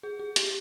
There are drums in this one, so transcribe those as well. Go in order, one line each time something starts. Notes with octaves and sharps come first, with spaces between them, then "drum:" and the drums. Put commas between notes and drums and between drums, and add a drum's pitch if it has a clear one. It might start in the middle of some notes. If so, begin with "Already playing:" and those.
G#4
G#4
G4, drum: hi-hat